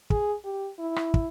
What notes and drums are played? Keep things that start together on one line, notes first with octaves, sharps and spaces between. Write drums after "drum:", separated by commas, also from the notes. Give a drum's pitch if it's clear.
G#4, drum: kick
G4
E4
drum: rim click
drum: kick